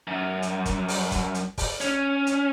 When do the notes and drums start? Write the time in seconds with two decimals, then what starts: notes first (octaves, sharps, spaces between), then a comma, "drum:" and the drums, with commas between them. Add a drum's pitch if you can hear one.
0.07 F#2
0.42 drum: hi-hat
0.65 drum: kick, hi-hat
0.88 drum: open hi-hat
1.12 drum: kick, hi-hat
1.35 drum: hi-hat
1.58 drum: kick, open hi-hat
1.81 C#4, drum: hi-hat
2.27 drum: hi-hat